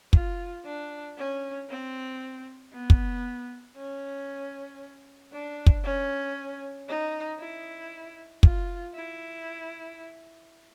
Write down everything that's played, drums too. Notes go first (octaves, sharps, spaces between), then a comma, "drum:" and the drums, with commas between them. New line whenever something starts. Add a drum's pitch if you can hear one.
F4, drum: kick
D4
C#4
C4
B3
drum: kick
C#4
D4
drum: kick
C#4
D#4
E4
F4, drum: kick
E4